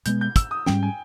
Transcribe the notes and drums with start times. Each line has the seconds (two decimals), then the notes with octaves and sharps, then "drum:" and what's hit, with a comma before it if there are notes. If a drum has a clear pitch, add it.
0.06 B2 G#3 B3 G6, drum: hi-hat
0.21 G6
0.36 E6, drum: kick, hi-hat
0.51 D#6
0.66 G#2 G3 C#4 G5, drum: snare
0.83 G#5